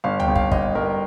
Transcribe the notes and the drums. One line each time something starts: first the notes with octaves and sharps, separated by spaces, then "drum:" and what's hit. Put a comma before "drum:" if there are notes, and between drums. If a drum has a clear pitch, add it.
G1 F5
G5, drum: tom C#2
G1
F5, drum: kick
G1 D#5, drum: kick
G1 A#4